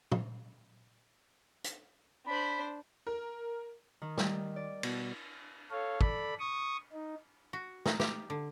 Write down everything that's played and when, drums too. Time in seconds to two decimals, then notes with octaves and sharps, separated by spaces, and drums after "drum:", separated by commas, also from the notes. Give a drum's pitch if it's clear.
0.12 drum: tom A#2
1.64 drum: hi-hat
2.26 D4 C5 B5
3.07 A#4
4.02 D#3
4.18 G3, drum: snare
4.56 D5
4.83 B2, drum: cymbal
5.71 A4 C#5 F5
6.01 A4 D5 B5, drum: kick
6.39 C#6 D#6
6.93 D#4
7.53 F#4
7.86 D#4, drum: snare
8.00 G4, drum: snare
8.30 D3